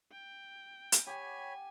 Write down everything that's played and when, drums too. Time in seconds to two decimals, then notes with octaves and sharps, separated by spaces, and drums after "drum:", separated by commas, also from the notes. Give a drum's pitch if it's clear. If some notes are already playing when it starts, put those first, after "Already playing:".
0.12 G5
0.92 drum: hi-hat
1.07 G4 C#5 F#5 G#5 B5